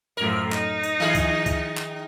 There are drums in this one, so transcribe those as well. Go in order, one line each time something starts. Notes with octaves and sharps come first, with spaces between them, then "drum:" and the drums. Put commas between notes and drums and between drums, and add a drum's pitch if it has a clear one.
F#2 A2 F3 A#4
D#4, drum: clap
drum: tambourine
D#3 G#4
drum: kick, tambourine
drum: kick, tambourine
drum: clap